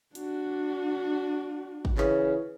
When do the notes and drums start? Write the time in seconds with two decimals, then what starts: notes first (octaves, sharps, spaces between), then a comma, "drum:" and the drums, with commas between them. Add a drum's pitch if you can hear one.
0.15 D4 F#4, drum: hi-hat
1.85 drum: kick
1.98 C#3 E3, drum: clap